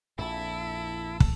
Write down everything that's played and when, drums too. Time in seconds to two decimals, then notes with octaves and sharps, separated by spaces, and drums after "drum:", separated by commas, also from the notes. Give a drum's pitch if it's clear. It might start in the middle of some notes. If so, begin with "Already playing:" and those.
0.19 A#1 F2 E4 A4
1.20 drum: kick